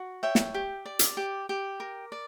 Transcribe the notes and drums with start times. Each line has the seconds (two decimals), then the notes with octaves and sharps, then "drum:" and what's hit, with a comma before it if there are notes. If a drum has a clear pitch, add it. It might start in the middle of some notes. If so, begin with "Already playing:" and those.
Already playing: F#4
0.23 C#5 E5 G5
0.35 drum: snare
0.54 G4
0.85 D5
0.99 drum: hi-hat
1.17 G4
1.49 G4
1.80 A#4
2.12 D5